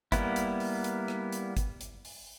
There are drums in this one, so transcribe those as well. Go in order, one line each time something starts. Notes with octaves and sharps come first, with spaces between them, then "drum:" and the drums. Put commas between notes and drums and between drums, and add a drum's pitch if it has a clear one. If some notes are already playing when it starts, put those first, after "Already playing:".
G3 A#3 B3 E4, drum: kick G1, hi-hat
drum: hi-hat
drum: open hi-hat
drum: hi-hat
drum: rim click
drum: hi-hat
drum: kick G1, hi-hat
drum: hi-hat
drum: open hi-hat